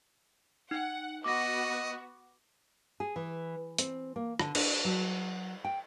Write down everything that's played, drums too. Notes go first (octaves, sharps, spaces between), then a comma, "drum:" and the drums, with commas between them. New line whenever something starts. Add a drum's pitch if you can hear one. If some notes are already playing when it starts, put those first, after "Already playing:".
D#4 F#5
B3 F#4 D#5 D6 A#6
G#4
E3
C4, drum: hi-hat
A#3
D3, drum: rim click
D4, drum: cymbal
F#3
G5